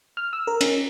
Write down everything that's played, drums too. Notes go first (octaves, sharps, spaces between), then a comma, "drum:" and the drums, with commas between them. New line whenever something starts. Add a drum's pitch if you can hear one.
F6
E6
A#4
C#4, drum: cymbal